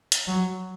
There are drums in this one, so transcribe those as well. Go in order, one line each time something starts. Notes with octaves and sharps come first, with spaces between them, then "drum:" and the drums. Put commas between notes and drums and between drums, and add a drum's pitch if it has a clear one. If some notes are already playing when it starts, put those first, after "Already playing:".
drum: hi-hat
F#3